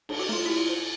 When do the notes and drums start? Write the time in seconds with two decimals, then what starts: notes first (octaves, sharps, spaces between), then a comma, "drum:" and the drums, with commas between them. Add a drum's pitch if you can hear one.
0.09 D4, drum: cymbal
0.19 F#4
0.29 A3 F4
0.46 E4 G4
0.58 F4
0.69 C5